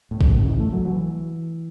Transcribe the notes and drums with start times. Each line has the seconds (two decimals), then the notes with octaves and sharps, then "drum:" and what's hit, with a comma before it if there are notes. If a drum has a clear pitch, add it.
0.11 A2
0.21 F#2, drum: kick A1
0.29 A2
0.39 C#3
0.48 E3
0.60 A3
0.72 F#3
0.85 E3